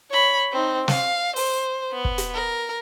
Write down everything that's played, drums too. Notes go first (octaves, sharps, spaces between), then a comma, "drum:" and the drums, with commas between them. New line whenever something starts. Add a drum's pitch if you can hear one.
C#5 B5
C4 D#4
F5, drum: snare
C5, drum: open hi-hat
B3
drum: kick
drum: hi-hat
A#4